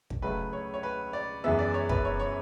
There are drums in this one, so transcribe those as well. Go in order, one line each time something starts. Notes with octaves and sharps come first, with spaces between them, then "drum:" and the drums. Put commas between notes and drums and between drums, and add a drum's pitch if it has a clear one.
drum: kick
C#2 C#3 F#3 A3 B4
C#5
C#5
B4
D5
F#2 E3 G#3 B3 E5
D5
C#5
B4, drum: kick
C#5
C#5